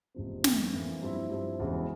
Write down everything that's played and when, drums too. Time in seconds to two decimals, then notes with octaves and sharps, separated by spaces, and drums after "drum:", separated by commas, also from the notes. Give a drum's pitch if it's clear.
0.14 F1 E2 C#3 F3 C4
0.44 F2 E3 A#3, drum: snare
0.73 F2 E3 A#3
1.02 G2 F3 C4 E4
1.30 G2 F3 C4 E4
1.59 E1 E2 C#3 E3 G#3